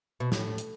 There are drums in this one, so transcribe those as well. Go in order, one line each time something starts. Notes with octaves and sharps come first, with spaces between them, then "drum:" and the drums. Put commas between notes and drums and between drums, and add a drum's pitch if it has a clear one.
B2
A2, drum: snare
drum: hi-hat